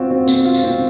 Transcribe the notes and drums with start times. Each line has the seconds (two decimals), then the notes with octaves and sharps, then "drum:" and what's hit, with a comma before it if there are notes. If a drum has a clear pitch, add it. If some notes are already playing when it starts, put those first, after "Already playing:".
Already playing: C4 F4 F#4
0.11 C4
0.28 C4, drum: tambourine
0.45 F4
0.54 drum: tambourine
0.64 C4